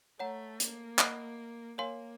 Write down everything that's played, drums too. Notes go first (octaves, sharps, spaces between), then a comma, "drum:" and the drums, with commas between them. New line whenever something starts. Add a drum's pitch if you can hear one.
A3 C#5 F#5 A#5
A#3, drum: hi-hat
D#5 F#5 B5 D#6 F#6, drum: clap
A#3 A#4 C#5 F5 G#5 C6